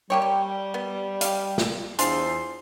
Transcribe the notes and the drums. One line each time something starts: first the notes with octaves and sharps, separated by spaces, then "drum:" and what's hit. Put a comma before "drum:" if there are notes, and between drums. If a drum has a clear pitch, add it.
G3 A#3 G4 C#5
G4
B3
G4 F5, drum: hi-hat
drum: snare
E2 D4 F4 G#4 C5, drum: hi-hat